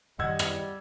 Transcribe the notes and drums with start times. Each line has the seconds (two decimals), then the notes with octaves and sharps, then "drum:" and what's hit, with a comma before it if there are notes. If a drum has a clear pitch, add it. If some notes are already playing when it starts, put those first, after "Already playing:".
0.19 F#2 D#3 G3 D#5 F#5 E6 G#6
0.39 drum: rim click